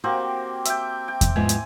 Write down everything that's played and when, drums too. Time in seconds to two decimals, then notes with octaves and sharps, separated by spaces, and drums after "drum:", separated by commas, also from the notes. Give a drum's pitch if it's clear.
0.04 A#3 C4 F#4 G4
0.65 E5 G5, drum: hi-hat
1.08 G5
1.21 drum: kick E2, hi-hat
1.36 G#2 F3 B3 G#5
1.49 drum: hi-hat